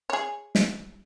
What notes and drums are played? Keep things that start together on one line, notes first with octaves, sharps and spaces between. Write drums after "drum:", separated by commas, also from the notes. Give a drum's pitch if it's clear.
G#4 C#5
drum: snare